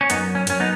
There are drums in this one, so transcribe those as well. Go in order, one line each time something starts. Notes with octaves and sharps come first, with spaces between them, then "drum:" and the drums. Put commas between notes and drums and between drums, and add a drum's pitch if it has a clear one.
C#4
F#2 B3 D#4, drum: hi-hat
C#4
F#2 C#4, drum: hi-hat
B3 D#4